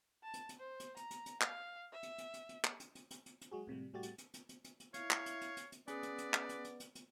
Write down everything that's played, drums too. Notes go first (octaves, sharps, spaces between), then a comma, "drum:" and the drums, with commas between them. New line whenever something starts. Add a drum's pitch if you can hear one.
A5
drum: hi-hat
drum: hi-hat
C5
drum: hi-hat
A#5, drum: hi-hat
drum: hi-hat
drum: hi-hat
F5, drum: clap
E5
drum: hi-hat
drum: hi-hat
drum: hi-hat
drum: hi-hat
drum: clap
drum: hi-hat
drum: hi-hat
drum: hi-hat
drum: hi-hat
drum: hi-hat
F#3 G#3 F#4 G#4
A2 C3 F3 G3
A2 G3 A3 F#4 G4 A6
drum: hi-hat
drum: hi-hat
drum: hi-hat
drum: hi-hat
drum: hi-hat
drum: hi-hat
E4 C#5 F5, drum: hi-hat
drum: clap
drum: hi-hat
drum: hi-hat
drum: hi-hat
drum: hi-hat
B3 C#4 G#4 B4 D5, drum: hi-hat
drum: hi-hat
drum: hi-hat
drum: clap
drum: hi-hat
drum: hi-hat
drum: hi-hat
drum: hi-hat